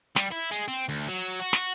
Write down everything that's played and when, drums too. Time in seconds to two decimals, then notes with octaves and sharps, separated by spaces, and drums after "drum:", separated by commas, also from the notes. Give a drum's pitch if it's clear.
0.16 G3, drum: snare
0.32 E4
0.51 G#3
0.68 C4
0.89 D2
1.08 F#3
1.40 F#4
1.53 drum: snare